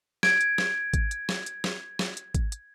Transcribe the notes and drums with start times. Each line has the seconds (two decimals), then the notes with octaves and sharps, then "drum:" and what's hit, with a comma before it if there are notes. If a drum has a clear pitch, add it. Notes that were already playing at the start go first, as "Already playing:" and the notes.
0.23 G#6 D7, drum: snare
0.41 drum: hi-hat
0.58 drum: snare
0.94 drum: kick G#1, hi-hat
1.11 drum: hi-hat
1.29 drum: snare
1.46 drum: hi-hat
1.64 drum: snare
1.99 drum: snare
2.17 drum: hi-hat
2.34 drum: kick G#1, hi-hat
2.52 drum: hi-hat